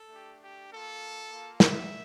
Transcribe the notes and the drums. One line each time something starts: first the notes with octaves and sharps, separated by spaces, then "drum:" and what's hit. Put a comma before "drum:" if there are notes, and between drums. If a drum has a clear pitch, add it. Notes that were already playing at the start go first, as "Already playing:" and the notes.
Already playing: A4
A3 D4 G4
G4
A#3 F4 A4
A#3 F4
E5, drum: snare